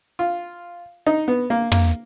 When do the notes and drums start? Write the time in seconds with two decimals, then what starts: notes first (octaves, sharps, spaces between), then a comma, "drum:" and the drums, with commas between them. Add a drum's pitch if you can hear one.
0.19 F4
1.06 D#4
1.28 B3
1.50 A#3
1.72 A#3, drum: tom